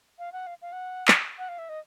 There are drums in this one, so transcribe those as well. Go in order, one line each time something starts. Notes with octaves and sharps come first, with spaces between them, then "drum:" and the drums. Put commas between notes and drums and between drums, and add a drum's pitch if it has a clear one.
F5
F#5
F5
F5
F#5
drum: clap
F#5
F5
E5
D#5